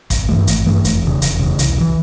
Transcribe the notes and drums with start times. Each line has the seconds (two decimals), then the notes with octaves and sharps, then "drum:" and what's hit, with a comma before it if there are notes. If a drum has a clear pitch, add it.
0.10 G#1, drum: kick, hi-hat
0.29 G2 E3 A3
0.47 G#1, drum: hi-hat
0.66 G2 E3 A3
0.85 F1, drum: hi-hat
1.02 E2 C#3
1.22 F1, drum: hi-hat
1.39 E2 C#3
1.59 C2, drum: hi-hat
1.77 C3
1.80 E3